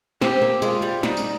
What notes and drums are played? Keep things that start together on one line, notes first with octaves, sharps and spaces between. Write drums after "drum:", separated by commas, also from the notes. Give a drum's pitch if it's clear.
C4 G4, drum: snare
A#3
G#3 F4, drum: tambourine
G3
G3 D#4, drum: snare
drum: tambourine